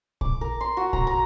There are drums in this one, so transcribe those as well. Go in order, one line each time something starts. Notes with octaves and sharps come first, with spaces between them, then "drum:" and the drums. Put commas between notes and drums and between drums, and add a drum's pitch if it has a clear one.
D6, drum: kick A#1
A#4
C6
F#4
A#5, drum: kick A#1
A#5